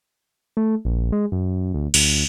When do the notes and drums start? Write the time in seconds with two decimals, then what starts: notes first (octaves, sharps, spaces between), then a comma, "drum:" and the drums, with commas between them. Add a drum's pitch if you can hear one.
0.57 A3
0.85 A#1
1.12 G#3
1.32 F#2
1.74 D2
1.94 D2, drum: cymbal